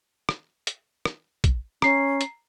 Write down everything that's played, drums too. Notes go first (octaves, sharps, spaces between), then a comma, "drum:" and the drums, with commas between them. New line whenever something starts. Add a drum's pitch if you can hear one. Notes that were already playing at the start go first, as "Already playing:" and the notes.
drum: rim click
drum: hi-hat
drum: rim click
drum: kick, hi-hat
C#4 A#5 C7, drum: rim click
drum: hi-hat